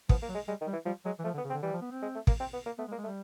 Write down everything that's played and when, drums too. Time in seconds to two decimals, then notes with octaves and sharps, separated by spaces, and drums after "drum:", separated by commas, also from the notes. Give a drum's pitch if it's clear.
0.09 F3 B3, drum: kick
0.22 A#3
0.29 F#3
0.34 G#3
0.48 G3 G#3
0.61 D#3
0.67 G3
0.73 E3
0.86 F3 G3
1.05 F#3 G#3
1.19 E3
1.24 F3 A3
1.34 D3
1.38 B3
1.44 C#3
1.50 C4
1.54 D3
1.63 E3 G3
1.73 F3
1.82 B3
1.91 C4
2.02 G#3
2.15 A3
2.27 A#3, drum: kick
2.40 C4
2.53 B3
2.66 A#3
2.78 A3 B3
2.88 G#3
2.92 A#3
2.98 G#3
3.03 A3
3.07 G3